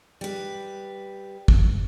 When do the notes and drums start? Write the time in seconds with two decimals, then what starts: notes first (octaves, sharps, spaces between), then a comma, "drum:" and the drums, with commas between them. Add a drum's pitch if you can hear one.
0.21 G3 B4
1.48 drum: kick